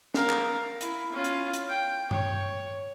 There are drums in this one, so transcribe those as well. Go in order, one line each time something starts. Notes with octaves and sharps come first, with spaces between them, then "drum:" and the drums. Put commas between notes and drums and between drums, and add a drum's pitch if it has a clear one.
A#4 F5, drum: snare
drum: clap
E4, drum: hi-hat
C#4 F4
drum: hi-hat
drum: hi-hat
G5
C#5, drum: tom G2